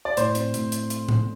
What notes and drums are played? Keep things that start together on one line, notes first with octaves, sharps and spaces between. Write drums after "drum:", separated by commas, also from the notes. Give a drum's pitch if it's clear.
D5
A2 C5, drum: hi-hat
C4, drum: hi-hat
A2, drum: hi-hat
drum: hi-hat
drum: hi-hat
drum: tom A2